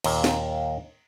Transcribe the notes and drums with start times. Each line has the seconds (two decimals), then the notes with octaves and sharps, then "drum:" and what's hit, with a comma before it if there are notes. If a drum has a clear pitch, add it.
0.04 D#2 A#2, drum: cymbal
0.24 drum: snare